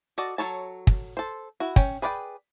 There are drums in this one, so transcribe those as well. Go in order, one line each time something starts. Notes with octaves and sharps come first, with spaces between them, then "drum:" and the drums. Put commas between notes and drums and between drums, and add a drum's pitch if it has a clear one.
F#4 A4 D5 D#5
F#3 A4 C#5 A5
drum: kick
A4 C5
E4 F#4
C#4 G5, drum: kick
G#4 B4 D5 F#5 G5